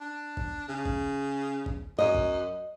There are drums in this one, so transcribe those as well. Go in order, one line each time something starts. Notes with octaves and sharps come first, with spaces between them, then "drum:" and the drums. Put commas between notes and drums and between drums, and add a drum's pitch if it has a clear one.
D4
drum: kick G#1
C#3
drum: kick G#1
drum: kick G#1
F#2 D#5
drum: kick G#1